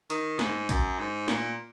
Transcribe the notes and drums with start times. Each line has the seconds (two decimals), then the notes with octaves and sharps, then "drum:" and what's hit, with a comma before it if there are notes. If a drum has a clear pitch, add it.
0.10 D#3, drum: hi-hat
0.39 G#2, drum: snare
0.69 F#2, drum: kick, hi-hat
0.99 G#2
1.28 A#2, drum: snare